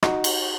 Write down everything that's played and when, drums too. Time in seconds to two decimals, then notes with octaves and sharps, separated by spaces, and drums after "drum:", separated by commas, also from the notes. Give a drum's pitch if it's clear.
0.03 D#4 F#4, drum: rim click
0.24 drum: cymbal